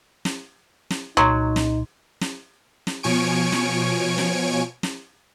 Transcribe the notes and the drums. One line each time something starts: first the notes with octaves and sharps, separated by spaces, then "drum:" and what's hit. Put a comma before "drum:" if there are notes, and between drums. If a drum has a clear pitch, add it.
drum: snare
drum: snare
C2 A#2 F#3 D#4 A#5 C6
drum: snare
drum: snare
drum: snare
B2 F3 C#5 G#5 C#6 D7
drum: snare
drum: snare
drum: snare